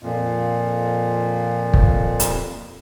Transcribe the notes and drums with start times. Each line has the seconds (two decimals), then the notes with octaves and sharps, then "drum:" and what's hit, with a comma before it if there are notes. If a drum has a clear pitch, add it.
0.03 F2 A#2
1.74 drum: kick
2.20 drum: hi-hat